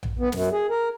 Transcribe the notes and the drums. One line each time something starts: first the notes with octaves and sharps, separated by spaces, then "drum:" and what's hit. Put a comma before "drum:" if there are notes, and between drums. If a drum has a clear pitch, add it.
drum: tom A#1
B3
F#2, drum: snare
G#4
A#4